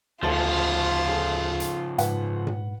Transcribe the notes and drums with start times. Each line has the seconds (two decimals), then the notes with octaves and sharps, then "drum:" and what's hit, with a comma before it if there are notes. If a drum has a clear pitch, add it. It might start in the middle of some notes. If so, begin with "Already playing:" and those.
0.23 D2 C#3 F3 F4 A4 A5 A6, drum: cymbal
1.08 G#4 A4
1.60 drum: hi-hat
1.98 G#2 B4 F#5, drum: hi-hat
2.47 drum: tom A#2